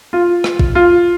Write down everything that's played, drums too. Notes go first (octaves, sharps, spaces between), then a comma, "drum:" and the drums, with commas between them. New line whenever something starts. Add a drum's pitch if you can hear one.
F4
drum: rim click
drum: kick
F4